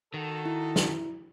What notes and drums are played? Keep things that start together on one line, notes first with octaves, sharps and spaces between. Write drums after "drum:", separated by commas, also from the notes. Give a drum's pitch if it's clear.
D#3 F#4 A4
E4
drum: snare